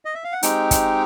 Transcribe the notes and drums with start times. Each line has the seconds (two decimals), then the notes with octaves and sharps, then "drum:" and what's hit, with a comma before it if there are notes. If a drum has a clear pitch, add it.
0.05 D#5
0.15 E5
0.24 F5
0.32 F#5
0.43 G#3 C4 D#4 G4 G5, drum: hi-hat
0.71 drum: kick, hi-hat